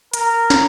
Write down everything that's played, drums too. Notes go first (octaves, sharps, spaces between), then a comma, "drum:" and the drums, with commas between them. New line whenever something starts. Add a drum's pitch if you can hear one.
A#4, drum: hi-hat
drum: snare